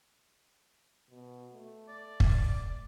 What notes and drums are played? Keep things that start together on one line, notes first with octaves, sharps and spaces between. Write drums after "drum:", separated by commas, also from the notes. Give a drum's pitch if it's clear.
B2
A3
D5
drum: kick